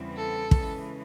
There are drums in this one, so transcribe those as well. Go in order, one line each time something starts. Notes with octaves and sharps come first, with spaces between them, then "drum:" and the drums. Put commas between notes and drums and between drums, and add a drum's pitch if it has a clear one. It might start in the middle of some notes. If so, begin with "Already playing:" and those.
Already playing: E2 C#3 E3 G3 C4
A4
C#3 E3 G#3 C#4, drum: kick